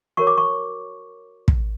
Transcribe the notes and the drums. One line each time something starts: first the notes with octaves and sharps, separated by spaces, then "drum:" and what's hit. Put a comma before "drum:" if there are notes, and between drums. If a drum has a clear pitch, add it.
F#4 A#4 C#5 C#6
D6
C#6
drum: kick